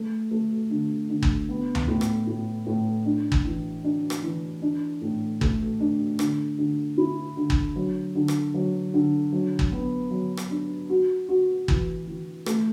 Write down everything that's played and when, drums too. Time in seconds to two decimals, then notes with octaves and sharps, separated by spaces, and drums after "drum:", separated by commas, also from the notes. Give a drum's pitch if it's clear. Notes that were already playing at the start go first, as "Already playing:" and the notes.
Already playing: A3
0.31 A3
0.70 D3
1.10 D3
1.23 drum: kick
1.49 B3
1.75 drum: tom D2
1.88 A2
2.01 drum: rim click
2.27 A2
2.66 A2
3.05 D4
3.32 drum: kick
3.45 E3
3.84 D4
4.10 drum: rim click
4.23 E3
4.62 D4
5.02 A2
5.41 A3, drum: kick
5.80 D4
6.19 D3, drum: rim click
6.58 D3
6.98 E4
7.37 D3
7.50 drum: kick
7.76 F#3
8.15 D3
8.28 drum: rim click
8.54 F#3
8.94 D3
9.33 F#3
9.59 drum: kick
9.72 B3
10.11 F#3
10.37 drum: rim click
10.50 D4
10.90 F#4
11.29 F#4
11.68 E3, drum: kick
12.07 E3
12.46 A3, drum: rim click